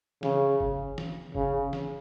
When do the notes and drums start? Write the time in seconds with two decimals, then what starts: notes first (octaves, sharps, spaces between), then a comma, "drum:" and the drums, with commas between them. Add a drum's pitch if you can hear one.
0.23 C#3, drum: snare
0.60 drum: kick G1
0.98 drum: snare
1.35 C#3, drum: kick G1
1.73 drum: snare